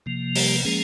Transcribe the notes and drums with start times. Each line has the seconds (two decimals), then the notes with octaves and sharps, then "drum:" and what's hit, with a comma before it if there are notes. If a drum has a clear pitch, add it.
0.06 C3 F3 A#3
0.36 G3 G4, drum: open hi-hat
0.65 F3 G#3 A#3 C#4 G#4